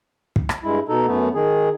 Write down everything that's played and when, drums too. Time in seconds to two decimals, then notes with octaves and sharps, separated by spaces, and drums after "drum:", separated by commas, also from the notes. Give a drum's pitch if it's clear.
0.36 drum: kick
0.49 drum: rim click
0.64 G2 G#3 E4
0.89 B2 D#4 A4
1.07 F#2 A3 B3
1.34 D#3 G#4